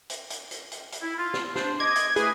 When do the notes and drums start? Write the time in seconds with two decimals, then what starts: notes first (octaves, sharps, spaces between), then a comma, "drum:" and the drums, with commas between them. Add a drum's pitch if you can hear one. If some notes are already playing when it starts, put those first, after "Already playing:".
0.10 drum: hi-hat
0.30 drum: hi-hat
0.51 drum: hi-hat
0.72 drum: hi-hat
0.92 drum: hi-hat
1.02 E4
1.19 F4
1.34 drum: snare
1.55 D4 C5, drum: snare
1.80 D#5 D6 G#6
1.96 drum: hi-hat
2.16 A3 E4 G#4 B4, drum: hi-hat